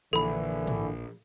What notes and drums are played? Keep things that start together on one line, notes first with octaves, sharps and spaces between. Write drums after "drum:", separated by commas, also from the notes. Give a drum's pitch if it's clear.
A#1 D3 E3 A4 B5
drum: tom G#2